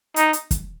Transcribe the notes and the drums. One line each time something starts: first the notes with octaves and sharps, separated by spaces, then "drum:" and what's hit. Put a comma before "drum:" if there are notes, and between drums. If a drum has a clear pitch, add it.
D#4, drum: hi-hat
drum: hi-hat
drum: kick, hi-hat